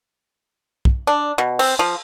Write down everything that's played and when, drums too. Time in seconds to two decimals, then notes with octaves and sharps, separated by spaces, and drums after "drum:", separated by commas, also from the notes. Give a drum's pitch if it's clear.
0.85 drum: kick
1.07 D4
1.38 B2
1.59 C4, drum: cymbal
1.79 F3